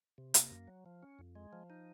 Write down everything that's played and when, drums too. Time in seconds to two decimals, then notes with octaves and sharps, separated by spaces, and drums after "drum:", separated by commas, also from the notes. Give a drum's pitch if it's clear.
0.18 C3
0.34 A#3, drum: hi-hat
0.51 F#2
0.68 F#3
0.86 F3
1.03 C#4
1.19 F2
1.36 G#3
1.53 F3
1.70 D#4